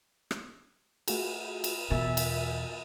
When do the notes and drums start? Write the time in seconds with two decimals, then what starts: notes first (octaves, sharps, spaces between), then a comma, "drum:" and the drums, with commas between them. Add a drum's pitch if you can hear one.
0.31 drum: rim click
1.08 A3 F#4 G#4, drum: cymbal
1.64 drum: cymbal
1.90 E2 B2 A#4 E5 G#5 A6
2.17 drum: cymbal